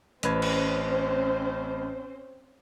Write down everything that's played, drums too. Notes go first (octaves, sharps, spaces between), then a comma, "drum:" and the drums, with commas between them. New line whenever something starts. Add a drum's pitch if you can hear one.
A1 C4 C#4 B4 C5 G#6, drum: hi-hat
drum: cymbal